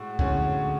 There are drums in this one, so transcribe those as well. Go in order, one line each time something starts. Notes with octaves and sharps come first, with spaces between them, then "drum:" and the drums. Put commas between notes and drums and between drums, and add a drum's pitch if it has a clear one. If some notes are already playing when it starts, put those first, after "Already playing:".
Already playing: A2 G#3 F#4
A2 D3 G#3 C#4 F#4, drum: kick C#2